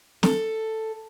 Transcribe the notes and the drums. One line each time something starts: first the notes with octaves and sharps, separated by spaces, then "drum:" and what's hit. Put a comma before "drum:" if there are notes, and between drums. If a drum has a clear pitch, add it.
A4, drum: snare